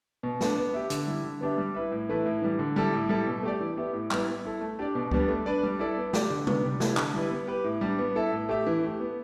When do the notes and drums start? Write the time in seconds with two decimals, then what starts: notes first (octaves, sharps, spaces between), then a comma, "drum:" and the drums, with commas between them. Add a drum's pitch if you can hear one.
0.23 B2
0.41 B3 D4, drum: snare
0.57 B3
0.74 G4 E5
0.90 D3, drum: hi-hat
1.07 G3 E4
1.24 D3
1.41 B3 D4 G4 E5
1.58 G3
1.75 E4 B4 E5
1.92 A2
2.09 E3 A3 E4 B4
2.26 A2
2.42 E3 G3
2.59 D3
2.76 G3 E4 A4
2.93 A2
3.09 G3 E4 A4
3.27 B2
3.43 A3 G4 D5
3.60 E3
3.77 B3 G4 E5
3.94 A2
4.11 G3 B3 E4, drum: clap
4.27 B3
4.45 E4 A4
4.61 A3
4.79 D4 G4 D5
4.95 B2
5.11 G3 B3 D4 G4, drum: kick C#2
5.28 A3
5.46 D4 B4 D5
5.63 G3
5.79 E4 A4 D5
5.97 B3
6.13 G4 D5, drum: snare
6.30 D3
6.47 B3 D4, drum: tom
6.64 G3
6.80 B3 E4 G4 D5, drum: snare
6.97 D3, drum: clap
7.14 G3 E4 G4 B4
7.30 B3
7.47 G4 B4
7.64 A2
7.81 G3 D4
7.99 B3
8.15 E4 A4 E5
8.32 A2
8.49 A3 G4 E5
8.66 E3
8.83 A3 G4
9.00 B3